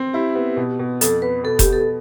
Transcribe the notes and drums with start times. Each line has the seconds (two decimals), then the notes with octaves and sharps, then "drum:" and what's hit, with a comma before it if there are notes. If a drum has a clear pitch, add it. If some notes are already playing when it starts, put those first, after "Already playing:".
Already playing: C4
0.13 E4 G4
0.35 B3
0.57 B2
0.79 B2
1.01 F2 A4, drum: hi-hat
1.22 B3 B4
1.44 B2 A4
1.59 G4, drum: kick F1, hi-hat
1.66 B2
1.73 A4